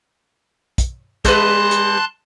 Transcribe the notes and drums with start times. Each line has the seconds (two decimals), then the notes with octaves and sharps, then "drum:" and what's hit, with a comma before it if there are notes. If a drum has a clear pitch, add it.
0.78 drum: kick, hi-hat
1.25 G3 B4 A5 C6 F#6, drum: kick, hi-hat
1.71 drum: hi-hat